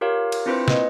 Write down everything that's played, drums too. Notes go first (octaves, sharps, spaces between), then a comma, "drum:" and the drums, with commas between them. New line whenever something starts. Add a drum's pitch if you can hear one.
F4 G4 A#4 C#5 F5
drum: cymbal
C4 D4 E4 F4 B4 C5
A#3 B4 D#5, drum: snare